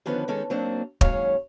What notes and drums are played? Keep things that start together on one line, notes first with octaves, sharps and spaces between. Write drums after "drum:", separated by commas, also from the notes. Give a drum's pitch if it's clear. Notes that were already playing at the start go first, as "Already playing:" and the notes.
D3 D#3 F3 B3 C#4 B4
D#3 G#3 C#4 A4
F#3 A#3 C4 D4
D#2 G#2 F#3 C#4 C#5 F5, drum: kick